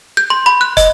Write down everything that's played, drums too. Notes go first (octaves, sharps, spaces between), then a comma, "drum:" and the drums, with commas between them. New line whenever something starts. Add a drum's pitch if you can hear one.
G6
C6
B5
F#6
D#5, drum: kick, hi-hat